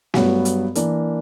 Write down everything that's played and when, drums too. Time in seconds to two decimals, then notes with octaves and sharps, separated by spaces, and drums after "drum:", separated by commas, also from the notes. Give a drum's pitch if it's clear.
0.14 G2 F#3 B3 F#4, drum: snare
0.45 drum: hi-hat
0.75 E3 A#3 D4 A#4, drum: hi-hat